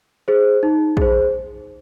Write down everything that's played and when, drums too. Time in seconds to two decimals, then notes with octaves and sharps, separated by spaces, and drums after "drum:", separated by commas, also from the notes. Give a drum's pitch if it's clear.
0.28 G#4 C5
0.63 D#4
0.97 G#4 C5, drum: kick